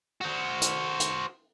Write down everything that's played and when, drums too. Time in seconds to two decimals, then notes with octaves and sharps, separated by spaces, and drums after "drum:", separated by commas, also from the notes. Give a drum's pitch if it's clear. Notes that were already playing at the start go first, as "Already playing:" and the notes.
0.21 F#4 C5
0.62 drum: hi-hat
1.00 drum: hi-hat